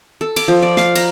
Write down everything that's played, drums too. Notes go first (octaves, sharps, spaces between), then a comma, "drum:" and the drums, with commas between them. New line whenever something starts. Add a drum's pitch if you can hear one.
A4
D6, drum: cymbal
F3
D5
F5, drum: snare
A#5, drum: cymbal